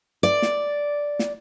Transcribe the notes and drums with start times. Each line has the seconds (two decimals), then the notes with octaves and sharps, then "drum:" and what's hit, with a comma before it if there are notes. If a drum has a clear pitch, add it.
0.23 D5
0.42 drum: snare
1.19 drum: snare